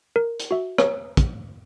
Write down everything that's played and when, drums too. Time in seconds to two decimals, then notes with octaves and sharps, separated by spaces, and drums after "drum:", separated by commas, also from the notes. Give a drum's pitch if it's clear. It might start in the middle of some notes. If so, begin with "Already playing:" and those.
0.16 A#4
0.40 drum: hi-hat
0.51 F#4 E5
0.78 C#5, drum: rim click
1.17 drum: kick, hi-hat